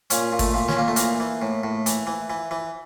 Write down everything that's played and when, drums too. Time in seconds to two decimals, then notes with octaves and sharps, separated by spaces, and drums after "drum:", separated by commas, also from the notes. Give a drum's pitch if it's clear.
0.10 A#2 C#4, drum: hi-hat
0.32 A#2
0.39 A3, drum: kick G#1, open hi-hat
0.54 A#2
0.68 C#4, drum: snare
0.77 A#2 A#3
0.88 A3
0.96 E3 A#3, drum: hi-hat
1.20 E3
1.42 A2
1.64 A2
1.86 E3, drum: hi-hat
2.07 E3
2.30 E3
2.51 E3